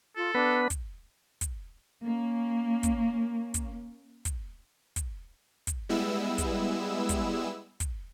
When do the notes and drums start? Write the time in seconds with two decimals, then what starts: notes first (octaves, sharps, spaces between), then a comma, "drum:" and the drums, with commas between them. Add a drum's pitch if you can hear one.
0.17 F4 A4
0.35 B3 D4 B4
0.70 drum: kick, hi-hat
1.41 drum: kick, hi-hat
2.04 A#3 C#4
2.83 drum: kick, hi-hat
3.54 drum: kick, hi-hat
4.25 drum: kick, hi-hat
4.96 drum: kick, hi-hat
5.67 drum: kick, hi-hat
5.89 G3 G#3 B3 E4 E6
6.38 drum: kick, hi-hat
7.09 drum: kick, hi-hat
7.80 drum: kick, hi-hat